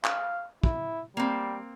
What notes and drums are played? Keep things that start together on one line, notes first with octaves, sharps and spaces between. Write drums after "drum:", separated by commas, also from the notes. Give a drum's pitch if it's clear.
F5, drum: clap
E4, drum: kick
G3 A#3 C4